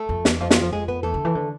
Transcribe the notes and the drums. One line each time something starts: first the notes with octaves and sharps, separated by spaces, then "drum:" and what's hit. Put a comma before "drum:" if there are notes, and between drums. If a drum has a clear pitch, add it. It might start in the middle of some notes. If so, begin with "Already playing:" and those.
Already playing: A3 A4
F2
E2, drum: snare
F2 F3 F4
F3 F4, drum: snare
F3 F4
G#3 G#4
B3 B4
E2 A3 A4
D3
E3
D3